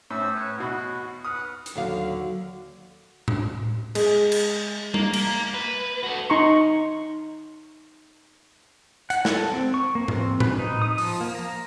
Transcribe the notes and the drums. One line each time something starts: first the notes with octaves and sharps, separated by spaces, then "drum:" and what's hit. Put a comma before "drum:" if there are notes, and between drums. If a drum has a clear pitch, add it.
A2 C#4 C5 E5 E6
B4 C#5
E2 B2 F#4 B5
B4 F#5 D#6 F6
drum: hi-hat
D#2 D3 F#3 F#4 F5
drum: tom A2
G#3, drum: cymbal
drum: cymbal
A#3, drum: tom G3
A#3, drum: cymbal
B4
F#4 A4
D#4 A#5 C6 C#6
F#5, drum: hi-hat
A4, drum: snare
C4
C#6
A#3
C4, drum: tom G#2
B4, drum: tom A2
D#4
D#6
F3, drum: open hi-hat
A#3
A#5